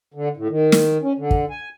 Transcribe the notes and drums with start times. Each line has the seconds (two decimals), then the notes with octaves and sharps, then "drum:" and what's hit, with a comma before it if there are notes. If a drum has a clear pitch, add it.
0.14 D3
0.37 A2
0.50 D#3
0.72 drum: snare
1.03 C#4
1.18 D3
1.31 drum: kick
1.50 G#5